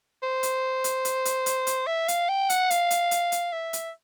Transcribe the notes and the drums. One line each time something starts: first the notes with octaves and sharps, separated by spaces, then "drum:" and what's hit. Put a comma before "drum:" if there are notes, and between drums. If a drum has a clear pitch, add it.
C5
drum: hi-hat
drum: hi-hat
drum: hi-hat
drum: hi-hat
drum: hi-hat
drum: hi-hat
E5
F5, drum: hi-hat
G5
F#5, drum: hi-hat
F5, drum: hi-hat
drum: hi-hat
drum: hi-hat
drum: hi-hat
E5
drum: hi-hat